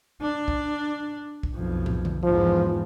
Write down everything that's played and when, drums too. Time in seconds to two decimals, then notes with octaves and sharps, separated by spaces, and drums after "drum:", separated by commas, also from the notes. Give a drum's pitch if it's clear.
0.22 D4
0.48 drum: kick
1.43 drum: kick
1.54 B1 F2
1.86 drum: tom
2.05 drum: tom D3
2.23 E2 G#2 F3